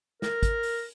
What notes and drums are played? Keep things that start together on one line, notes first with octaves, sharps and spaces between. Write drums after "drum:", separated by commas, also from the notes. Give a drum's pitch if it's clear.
A#4, drum: snare
drum: kick, hi-hat
drum: open hi-hat